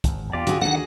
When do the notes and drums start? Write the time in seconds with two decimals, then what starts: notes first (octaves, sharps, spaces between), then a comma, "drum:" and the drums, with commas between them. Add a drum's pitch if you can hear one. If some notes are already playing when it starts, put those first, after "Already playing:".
0.04 G#1 E2, drum: kick, hi-hat
0.33 E2 G2 B3 F4 G4 D5
0.47 D3 E3 C#4 F#4 G#4, drum: hi-hat
0.61 D2 D3 D#3 G#3 D4 F#4 G#4 F#5